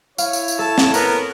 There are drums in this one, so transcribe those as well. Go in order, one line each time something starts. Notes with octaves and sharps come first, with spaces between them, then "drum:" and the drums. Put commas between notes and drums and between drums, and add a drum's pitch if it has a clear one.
E4 C#5 F5, drum: tambourine
drum: tambourine
drum: tambourine
A4 A5
drum: snare
B3 A#4, drum: tambourine